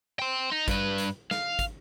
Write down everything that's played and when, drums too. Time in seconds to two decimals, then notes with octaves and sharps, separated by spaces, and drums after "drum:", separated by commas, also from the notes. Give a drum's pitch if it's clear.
0.19 G5 C6
0.52 D#4
0.68 G2 B4, drum: kick, hi-hat
0.98 drum: hi-hat
1.31 F5, drum: snare
1.59 drum: kick, hi-hat